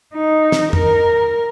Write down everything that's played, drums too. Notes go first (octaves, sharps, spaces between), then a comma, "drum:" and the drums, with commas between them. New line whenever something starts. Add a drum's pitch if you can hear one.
D#4
drum: snare
A#4, drum: tom F2